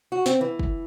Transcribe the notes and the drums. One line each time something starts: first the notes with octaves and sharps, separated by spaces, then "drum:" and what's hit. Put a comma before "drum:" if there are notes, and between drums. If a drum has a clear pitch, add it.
F#4
C4, drum: snare
E3
drum: kick